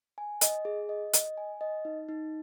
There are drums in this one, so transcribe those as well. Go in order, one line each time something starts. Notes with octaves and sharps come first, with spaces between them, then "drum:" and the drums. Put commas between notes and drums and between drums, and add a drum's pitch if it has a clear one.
G#5
D#5, drum: hi-hat
G#4
D#5
D#5, drum: hi-hat
G#5
D#5
D#4
D#4